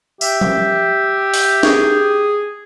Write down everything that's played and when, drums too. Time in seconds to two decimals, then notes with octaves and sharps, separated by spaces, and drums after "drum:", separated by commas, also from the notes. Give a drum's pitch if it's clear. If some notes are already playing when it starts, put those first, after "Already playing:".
0.21 G4 E5, drum: tambourine
0.41 drum: tom F3
1.34 drum: open hi-hat
1.63 G#4, drum: snare